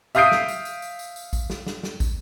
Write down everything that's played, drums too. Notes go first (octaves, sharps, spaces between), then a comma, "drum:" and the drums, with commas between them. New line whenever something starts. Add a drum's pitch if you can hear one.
E5 F5 D#6 G6 C7 D7, drum: tambourine
drum: snare
drum: tambourine
drum: tambourine
drum: tambourine
drum: tambourine
drum: tambourine
drum: kick, tambourine
drum: snare
drum: snare
drum: snare
drum: kick, tambourine